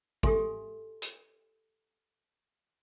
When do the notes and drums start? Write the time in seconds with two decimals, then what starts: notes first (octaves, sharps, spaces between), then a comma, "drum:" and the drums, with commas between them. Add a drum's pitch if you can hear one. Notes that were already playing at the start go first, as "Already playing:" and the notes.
0.23 G4 A4 E5 G#5 C6, drum: kick
1.02 drum: hi-hat